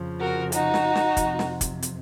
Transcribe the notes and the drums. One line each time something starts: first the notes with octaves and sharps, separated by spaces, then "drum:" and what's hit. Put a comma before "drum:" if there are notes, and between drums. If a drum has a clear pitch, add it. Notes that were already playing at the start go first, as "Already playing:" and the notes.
Already playing: F2 C#3 F3
F#4 A#4
D#4 F#4, drum: hi-hat
drum: snare
drum: snare
F2 C3 F3, drum: kick, hi-hat
drum: snare
drum: kick, hi-hat
drum: hi-hat